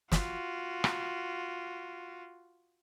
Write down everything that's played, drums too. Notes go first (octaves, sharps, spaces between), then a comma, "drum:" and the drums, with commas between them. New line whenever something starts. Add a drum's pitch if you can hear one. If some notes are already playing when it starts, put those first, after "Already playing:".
F4 F#4, drum: snare
drum: rim click